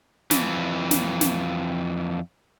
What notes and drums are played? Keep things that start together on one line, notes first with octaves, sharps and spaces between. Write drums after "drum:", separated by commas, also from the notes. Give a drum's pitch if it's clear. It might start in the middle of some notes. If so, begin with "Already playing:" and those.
F2 E3, drum: snare
drum: snare
drum: snare